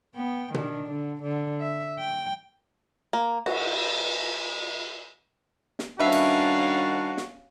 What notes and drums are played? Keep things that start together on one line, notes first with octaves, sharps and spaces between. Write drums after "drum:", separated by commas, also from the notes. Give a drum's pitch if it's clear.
B3 G5
D#3 D4, drum: tom B2
D3
D3
E5
G5
A#3
F#4, drum: cymbal
drum: snare
D#3 G3 C#4 D4 F#4 B4 E5 F5
drum: cymbal
drum: snare